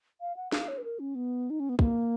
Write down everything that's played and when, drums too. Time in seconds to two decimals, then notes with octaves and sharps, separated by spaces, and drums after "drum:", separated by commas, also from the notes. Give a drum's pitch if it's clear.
0.21 F5
0.36 F#5
0.52 F5, drum: snare
0.68 C#5
0.78 B4
0.84 A#4
0.99 C#4
1.15 B3
1.50 D#4
1.60 C#4
1.69 B3
1.79 A#3, drum: kick